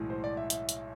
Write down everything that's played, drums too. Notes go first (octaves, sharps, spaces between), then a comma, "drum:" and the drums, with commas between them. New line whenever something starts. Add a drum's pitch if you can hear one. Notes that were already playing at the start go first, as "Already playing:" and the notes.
Already playing: B1 A2 E3 G#3
C5
D5
E5
E5, drum: hi-hat
drum: hi-hat